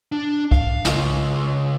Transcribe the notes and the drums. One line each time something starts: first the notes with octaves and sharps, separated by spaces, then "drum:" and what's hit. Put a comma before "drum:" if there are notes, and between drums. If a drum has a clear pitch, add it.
D4
F5, drum: kick
C#2, drum: snare